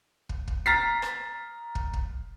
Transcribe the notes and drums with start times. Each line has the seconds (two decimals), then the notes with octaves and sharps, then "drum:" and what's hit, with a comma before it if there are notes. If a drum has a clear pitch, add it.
0.29 drum: kick
0.48 drum: kick
0.66 A#5 F6 A6 B6 C7
1.02 drum: rim click
1.75 drum: kick
1.93 drum: kick